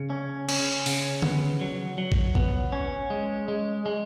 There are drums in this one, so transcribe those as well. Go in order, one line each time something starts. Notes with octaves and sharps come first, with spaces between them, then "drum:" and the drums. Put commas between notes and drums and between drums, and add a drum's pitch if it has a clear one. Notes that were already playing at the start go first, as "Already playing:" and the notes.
Already playing: C#3
C#4
C#4, drum: cymbal
C#3, drum: open hi-hat
B3, drum: tom D3
F#3
F#3
drum: kick G#1
B3, drum: kick G#1
C#4
G#3
G#3
G#3